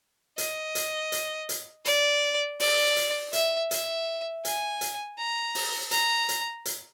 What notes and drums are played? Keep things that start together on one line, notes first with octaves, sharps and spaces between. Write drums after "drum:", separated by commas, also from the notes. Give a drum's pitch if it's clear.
D#5, drum: hi-hat
drum: hi-hat
drum: hi-hat
drum: hi-hat
D5, drum: hi-hat
D5, drum: open hi-hat
drum: hi-hat
E5, drum: hi-hat
E5, drum: hi-hat
G#5, drum: hi-hat
drum: hi-hat
A#5
drum: open hi-hat
A#5, drum: hi-hat
drum: hi-hat
drum: hi-hat